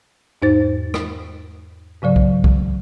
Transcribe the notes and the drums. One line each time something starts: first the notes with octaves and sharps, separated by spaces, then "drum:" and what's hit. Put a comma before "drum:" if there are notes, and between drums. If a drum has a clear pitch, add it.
E2 G#2 D#4 C5 A6
drum: rim click
G#2 C#3 F#3 D5
drum: kick
drum: kick